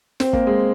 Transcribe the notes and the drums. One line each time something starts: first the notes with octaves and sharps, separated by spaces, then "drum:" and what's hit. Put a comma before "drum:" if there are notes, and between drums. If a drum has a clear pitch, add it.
C4, drum: snare
A#3, drum: kick
G#3